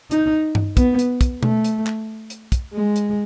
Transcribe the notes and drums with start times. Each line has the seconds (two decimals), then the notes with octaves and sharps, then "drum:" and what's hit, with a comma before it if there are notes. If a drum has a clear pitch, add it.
0.11 D#4, drum: hi-hat
0.55 drum: tom G2
0.77 B3, drum: kick, hi-hat
0.99 drum: hi-hat
1.21 drum: kick, hi-hat
1.43 A3, drum: tom B2
1.64 drum: hi-hat
1.86 drum: clap
2.30 drum: hi-hat
2.52 drum: kick, hi-hat
2.74 G#3
2.96 drum: hi-hat